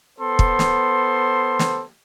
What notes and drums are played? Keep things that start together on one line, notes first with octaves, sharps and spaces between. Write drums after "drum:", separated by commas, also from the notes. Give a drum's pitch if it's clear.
B3 A4 C5 C6
drum: kick
drum: snare
drum: snare